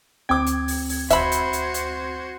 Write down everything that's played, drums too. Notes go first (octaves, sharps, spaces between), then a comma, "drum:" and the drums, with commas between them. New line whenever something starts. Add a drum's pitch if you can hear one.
D2 C4 G5 D6 G#6
drum: hi-hat
drum: open hi-hat
drum: open hi-hat
F#4 C5 E5 B5, drum: kick D2, hi-hat
drum: hi-hat
drum: hi-hat
drum: hi-hat